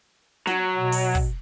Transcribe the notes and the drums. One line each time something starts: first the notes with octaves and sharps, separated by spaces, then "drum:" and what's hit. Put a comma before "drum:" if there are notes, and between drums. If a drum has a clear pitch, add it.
F#3, drum: snare
B2
drum: open hi-hat
drum: kick, hi-hat